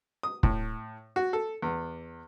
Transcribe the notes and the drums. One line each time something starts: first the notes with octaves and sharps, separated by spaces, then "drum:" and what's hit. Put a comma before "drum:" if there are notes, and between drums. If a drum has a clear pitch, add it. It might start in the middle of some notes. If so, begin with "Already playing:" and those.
D#6
A2, drum: kick
F#4
A4
E2